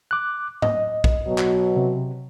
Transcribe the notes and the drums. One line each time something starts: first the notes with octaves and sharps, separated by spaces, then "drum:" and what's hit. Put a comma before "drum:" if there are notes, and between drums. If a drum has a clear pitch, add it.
D6 F#6
D#5, drum: tom G#2
drum: kick B1
B2 F#3
drum: clap
C3